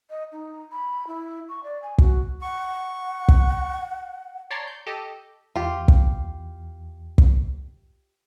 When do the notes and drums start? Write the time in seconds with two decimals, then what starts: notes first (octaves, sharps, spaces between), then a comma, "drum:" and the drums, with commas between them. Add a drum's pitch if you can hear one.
0.10 D#5
0.32 D#4
0.72 B5
1.07 E4
1.49 C#6
1.64 D5
1.82 G#5
1.98 F#4, drum: kick
2.42 F#5 C#6
3.28 drum: kick
4.50 C#5 D5 A5 A#5 C6
4.67 G6
4.86 G4 A4 D#5
5.56 E2 F4 G4
5.88 drum: kick
7.18 drum: kick